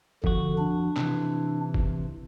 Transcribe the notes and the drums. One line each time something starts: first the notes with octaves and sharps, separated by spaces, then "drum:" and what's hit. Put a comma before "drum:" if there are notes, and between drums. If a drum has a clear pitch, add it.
F2 D3 F#4, drum: kick
D4
C3 E3, drum: clap
drum: kick